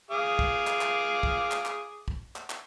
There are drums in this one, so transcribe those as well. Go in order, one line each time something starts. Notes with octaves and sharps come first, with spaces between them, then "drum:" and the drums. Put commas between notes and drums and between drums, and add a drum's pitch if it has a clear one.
G#4 F5 D6
drum: kick
drum: clap
drum: clap
drum: kick
drum: clap
drum: clap
drum: kick
drum: clap
drum: clap